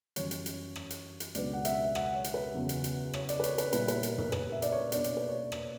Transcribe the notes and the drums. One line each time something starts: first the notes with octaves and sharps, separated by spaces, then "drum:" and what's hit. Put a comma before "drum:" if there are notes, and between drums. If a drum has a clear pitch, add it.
F#2 E3 G3 C#4 C#5, drum: hi-hat
drum: hi-hat
drum: hi-hat
drum: rim click
drum: hi-hat
drum: hi-hat
C#2 B2 F#3 B3 D4 D5, drum: hi-hat
F#5
E5, drum: hi-hat
E5
F#5, drum: rim click
C#5
drum: hi-hat
B4
E2 C#3 F#3
drum: hi-hat
drum: hi-hat
C#5, drum: rim click
D5, drum: hi-hat
B4
C#5, drum: hi-hat
B4, drum: hi-hat
A#2 G3 B3 E4 B4, drum: hi-hat
B4, drum: hi-hat
A#4, drum: hi-hat
A#4, drum: tom
B4, drum: rim click
E5
D5, drum: hi-hat
C#5
B2 A#3 D4 D5, drum: hi-hat
C#5, drum: hi-hat
B4
C#5
drum: rim click